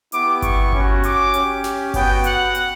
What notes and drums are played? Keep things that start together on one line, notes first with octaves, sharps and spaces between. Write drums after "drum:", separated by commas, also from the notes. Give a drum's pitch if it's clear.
B3 E4 G4 D6, drum: hi-hat
C#6, drum: kick G1, hi-hat
C#4 F#4, drum: kick G1
D6, drum: hi-hat
C#4 G4, drum: hi-hat
drum: snare
B3 F#4 G5, drum: kick G1, open hi-hat
F#5, drum: hi-hat
drum: hi-hat